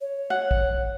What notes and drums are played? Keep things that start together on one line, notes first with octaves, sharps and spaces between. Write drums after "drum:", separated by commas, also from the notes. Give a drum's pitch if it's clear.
C#5
F#5
drum: kick